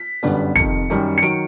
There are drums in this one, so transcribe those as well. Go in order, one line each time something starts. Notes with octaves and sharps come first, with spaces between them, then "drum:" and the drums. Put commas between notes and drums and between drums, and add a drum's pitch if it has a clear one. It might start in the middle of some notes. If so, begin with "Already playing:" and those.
Already playing: B6
G1 F#2 D3 G3 B3, drum: open hi-hat
F2 C3 D#3 C#7, drum: kick, hi-hat
F#2 D#3 G3, drum: hi-hat
C#7
D#3 F#3 D7, drum: hi-hat